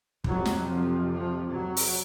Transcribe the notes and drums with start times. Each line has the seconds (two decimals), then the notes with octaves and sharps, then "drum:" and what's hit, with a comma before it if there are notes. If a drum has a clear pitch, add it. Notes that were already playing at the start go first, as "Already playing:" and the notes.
0.24 F2 C3 F#3, drum: kick
0.45 drum: snare
0.67 F3
1.11 F3
1.53 F#3
1.77 drum: open hi-hat